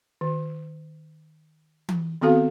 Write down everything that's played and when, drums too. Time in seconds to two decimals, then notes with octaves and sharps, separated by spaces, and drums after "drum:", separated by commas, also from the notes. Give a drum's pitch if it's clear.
0.21 D#3
1.89 drum: tom E3
2.21 D#3 B3 C4 F#4 A4 F5